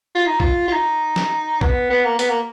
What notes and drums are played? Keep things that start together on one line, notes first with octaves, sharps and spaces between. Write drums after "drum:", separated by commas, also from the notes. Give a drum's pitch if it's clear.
F4
D#4
F4, drum: kick A#1
F4
D#4
drum: snare
B3, drum: kick A#1
B3
A#3
B3, drum: hi-hat
A#3